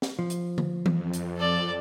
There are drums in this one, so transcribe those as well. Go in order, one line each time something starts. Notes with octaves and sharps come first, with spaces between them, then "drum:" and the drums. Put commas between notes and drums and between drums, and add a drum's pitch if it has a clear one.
drum: snare
F3
drum: hi-hat
drum: tom D3
F2, drum: tom E3
drum: hi-hat
A4 D5